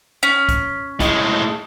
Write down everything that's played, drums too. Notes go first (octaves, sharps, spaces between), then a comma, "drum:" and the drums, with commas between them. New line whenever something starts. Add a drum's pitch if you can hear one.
C#4
drum: kick B1, hi-hat
A2 G#3, drum: kick B1, hi-hat